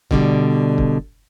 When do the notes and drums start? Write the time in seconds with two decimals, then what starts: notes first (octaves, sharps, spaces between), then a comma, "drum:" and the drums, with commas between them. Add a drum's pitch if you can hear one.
0.11 B2 D3 G3, drum: kick C#1
0.78 drum: kick C#1